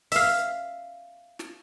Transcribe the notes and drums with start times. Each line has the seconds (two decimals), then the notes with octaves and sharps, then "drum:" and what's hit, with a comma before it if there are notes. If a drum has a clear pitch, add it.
0.12 E5 F5, drum: open hi-hat
1.39 drum: snare